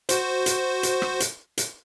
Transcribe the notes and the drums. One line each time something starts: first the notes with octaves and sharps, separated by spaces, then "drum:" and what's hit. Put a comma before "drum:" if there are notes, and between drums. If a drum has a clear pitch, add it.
F#4 C5, drum: hi-hat
drum: hi-hat
drum: hi-hat
drum: rim click
drum: hi-hat
drum: hi-hat